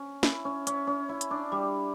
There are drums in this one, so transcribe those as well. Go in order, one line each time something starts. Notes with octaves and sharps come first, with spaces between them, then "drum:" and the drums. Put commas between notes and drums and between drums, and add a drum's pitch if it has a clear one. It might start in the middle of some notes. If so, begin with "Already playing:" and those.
Already playing: C#4
E4, drum: snare
C#4
C#4, drum: hi-hat
C#4
E4
drum: hi-hat
D4
G3